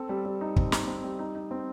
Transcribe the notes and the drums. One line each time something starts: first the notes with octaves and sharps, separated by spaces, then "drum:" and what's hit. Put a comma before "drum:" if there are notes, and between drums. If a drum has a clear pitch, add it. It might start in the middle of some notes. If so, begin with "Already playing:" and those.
Already playing: C4 A4
G3
G3
D#4
C4, drum: kick
D#4, drum: snare
C4
G3
D#4
D#4
C4